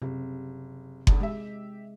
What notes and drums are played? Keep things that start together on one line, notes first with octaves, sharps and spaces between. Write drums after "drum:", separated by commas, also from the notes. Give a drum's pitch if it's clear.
F#1 C3
A1 E2 D3, drum: kick F#1
G#3 G4 E5